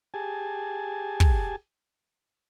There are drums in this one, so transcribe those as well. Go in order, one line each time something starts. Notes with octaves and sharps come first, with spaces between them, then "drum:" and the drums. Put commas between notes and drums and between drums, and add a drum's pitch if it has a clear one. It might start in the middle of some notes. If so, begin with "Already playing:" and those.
G4 G#4 G#5 A5
drum: kick